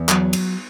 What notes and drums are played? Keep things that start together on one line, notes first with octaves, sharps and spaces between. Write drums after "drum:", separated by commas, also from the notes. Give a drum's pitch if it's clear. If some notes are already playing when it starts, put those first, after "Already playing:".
Already playing: E2
F#3, drum: clap
drum: cymbal